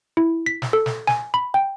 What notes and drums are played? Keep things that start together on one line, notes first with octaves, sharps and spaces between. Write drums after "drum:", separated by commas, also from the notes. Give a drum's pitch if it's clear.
E4
B6
drum: snare
A4
drum: snare
G#5, drum: snare
B5
G5